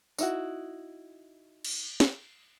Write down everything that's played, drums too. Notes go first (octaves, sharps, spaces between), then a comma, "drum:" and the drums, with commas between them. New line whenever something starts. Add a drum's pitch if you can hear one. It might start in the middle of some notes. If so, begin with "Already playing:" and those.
D#4 E4 F#4, drum: tambourine
drum: cymbal
drum: snare